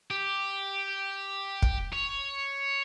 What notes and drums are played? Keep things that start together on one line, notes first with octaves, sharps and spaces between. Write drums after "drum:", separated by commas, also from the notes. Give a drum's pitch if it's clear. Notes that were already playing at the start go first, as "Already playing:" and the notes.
G4
drum: kick
C#5